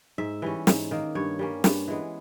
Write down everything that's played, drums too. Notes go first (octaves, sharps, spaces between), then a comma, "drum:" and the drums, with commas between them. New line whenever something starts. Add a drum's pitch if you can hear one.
G#2 E5
E3 G3 C#4
G#2, drum: snare
D#3 A#3
G2 C#5
G3 A#3 C#4
G2, drum: snare
E3 G#3 B3